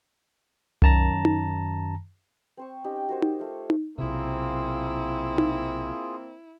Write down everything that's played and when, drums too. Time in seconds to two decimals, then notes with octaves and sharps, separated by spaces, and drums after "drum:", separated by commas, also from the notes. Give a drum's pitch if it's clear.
0.82 F#2 D#3 A5 A#5 A#6, drum: tom C2
1.25 drum: tom D#4
2.57 C4 C5 C#6
2.84 C#4 D#4 G4
2.96 G5
3.09 F#4 A#4 C5 C#5
3.22 G4, drum: tom D#4
3.39 A3 F4
3.70 drum: tom D#4
3.98 B1 C3 A#3 C4 E4 F4 G#4
5.38 drum: tom D#4